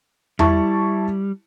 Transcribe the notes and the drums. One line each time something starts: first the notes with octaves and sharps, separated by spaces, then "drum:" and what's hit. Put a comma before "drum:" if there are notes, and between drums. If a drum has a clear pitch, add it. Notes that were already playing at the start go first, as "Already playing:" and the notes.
G3 E4 A5 C#6, drum: tom E2